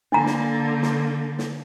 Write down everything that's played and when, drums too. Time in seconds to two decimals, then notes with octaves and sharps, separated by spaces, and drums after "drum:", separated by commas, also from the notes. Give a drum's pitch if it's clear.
0.12 D3 A#3 D4 A#5
0.26 drum: snare
0.82 drum: snare
1.38 drum: snare